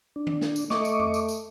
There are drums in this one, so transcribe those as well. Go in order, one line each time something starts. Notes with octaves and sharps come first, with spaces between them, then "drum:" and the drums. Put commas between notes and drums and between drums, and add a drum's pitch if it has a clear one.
D4
drum: tom D#3
drum: snare
drum: tambourine
A3 D#5 C#6 D6, drum: snare
drum: tambourine
drum: tom F2
drum: tambourine
drum: tambourine